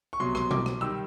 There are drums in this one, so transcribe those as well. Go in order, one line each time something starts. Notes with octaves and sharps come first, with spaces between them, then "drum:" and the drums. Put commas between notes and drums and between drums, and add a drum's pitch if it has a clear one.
C#6
C2 B2 F#3 C6
C6, drum: rim click
D6, drum: tom B2
drum: rim click
D#3 G3 E6